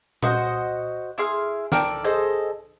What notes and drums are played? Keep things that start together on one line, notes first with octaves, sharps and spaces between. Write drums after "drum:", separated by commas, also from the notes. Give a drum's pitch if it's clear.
F#4 C5 D#5 F#5, drum: tom A#2
E4 G#4 C6 F6
A4 A#4 D5 G5, drum: snare
G#4 A4 C5 D#5